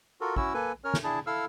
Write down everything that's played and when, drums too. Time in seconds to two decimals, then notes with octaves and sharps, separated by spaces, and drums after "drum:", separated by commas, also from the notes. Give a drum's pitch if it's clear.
0.21 F4 F#4 A4 A#4
0.36 C#4 E4 F#4 E6, drum: kick
0.54 A#3 A4 B4 G#5
0.84 C#4 A#4 C#5 F6
0.94 drum: snare
1.04 D4 E4 G#4 A5
1.27 E4 A4 F5 E6 F6